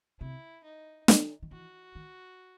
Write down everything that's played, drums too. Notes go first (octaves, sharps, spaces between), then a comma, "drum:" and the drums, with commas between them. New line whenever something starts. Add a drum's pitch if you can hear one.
C3 E4
D#4
D#3, drum: snare
D#3
E3 F#4
D#3